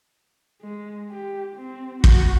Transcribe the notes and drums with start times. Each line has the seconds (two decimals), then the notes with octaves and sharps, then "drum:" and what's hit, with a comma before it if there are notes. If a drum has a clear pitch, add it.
0.62 G#3
1.11 G4
1.56 C4
2.04 F#4, drum: kick